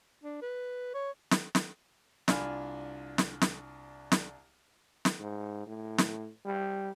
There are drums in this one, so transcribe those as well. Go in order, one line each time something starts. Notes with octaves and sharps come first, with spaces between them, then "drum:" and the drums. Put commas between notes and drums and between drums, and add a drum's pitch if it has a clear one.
D4
B4
C#5
drum: snare
drum: snare
C2 D4 F4 G#5 B5 F6, drum: snare
drum: snare
drum: snare
drum: snare
drum: snare
G#2
A2
drum: snare
G3